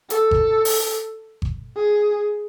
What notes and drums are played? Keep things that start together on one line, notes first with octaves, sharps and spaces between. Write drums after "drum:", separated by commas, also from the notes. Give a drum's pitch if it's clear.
A4, drum: hi-hat
drum: kick G1
drum: open hi-hat
drum: kick G1
G#4